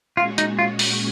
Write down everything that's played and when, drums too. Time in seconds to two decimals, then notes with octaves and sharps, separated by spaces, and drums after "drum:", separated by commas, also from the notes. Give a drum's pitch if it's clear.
0.17 A#2 G#3 C#4 F4 F#4 C#5
0.38 D#4, drum: hi-hat
0.59 F4
0.79 drum: open hi-hat